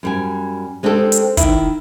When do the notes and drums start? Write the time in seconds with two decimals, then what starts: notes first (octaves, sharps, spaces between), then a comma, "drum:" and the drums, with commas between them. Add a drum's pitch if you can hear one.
0.03 F#2 G3 G#5
0.83 G#3 C4 D4 G4 A4
1.12 drum: hi-hat
1.37 D#3 E4, drum: kick, hi-hat